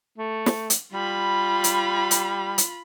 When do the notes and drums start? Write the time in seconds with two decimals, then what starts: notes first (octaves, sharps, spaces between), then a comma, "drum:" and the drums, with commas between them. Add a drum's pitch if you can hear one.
0.18 A3
0.46 drum: snare
0.70 drum: hi-hat
0.93 G3 F4 B5
1.64 drum: hi-hat
2.11 drum: hi-hat
2.58 drum: hi-hat